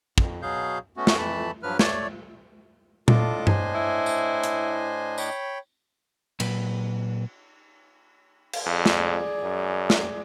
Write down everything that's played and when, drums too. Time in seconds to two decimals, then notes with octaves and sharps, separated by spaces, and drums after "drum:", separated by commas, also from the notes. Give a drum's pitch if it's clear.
0.18 F2, drum: kick
0.42 B2 F#3 G#4 F5 G6
0.97 A3 B3 C#4 F#4
1.07 drum: snare
1.18 F2 E3 A3 A5 B5
1.63 G2 F3 F#3 B4 F6
1.79 A3 C#5 D5, drum: snare
3.08 A2 D4 F4 A4 D#5 D6, drum: tom A#2
3.47 C5 G#5, drum: tom G2
3.75 E4
4.06 drum: tambourine
4.44 drum: hi-hat
5.18 C#5 G5 B5, drum: tambourine
6.40 A#2 F#3 B4, drum: cymbal
8.53 drum: cymbal
8.66 F2 G#4 D5
8.86 drum: snare
9.43 F#2
9.90 drum: snare